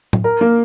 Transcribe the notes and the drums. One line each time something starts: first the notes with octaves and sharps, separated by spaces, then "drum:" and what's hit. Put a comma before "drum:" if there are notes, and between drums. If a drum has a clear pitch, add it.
drum: tom A2
A#4
A#3